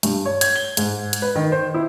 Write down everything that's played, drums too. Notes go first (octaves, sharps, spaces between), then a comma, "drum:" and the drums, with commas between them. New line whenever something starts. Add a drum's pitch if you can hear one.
G2, drum: hi-hat
C#5
G#6, drum: hi-hat
G7
G#2, drum: hi-hat
drum: hi-hat
B4
D#3
C5
E4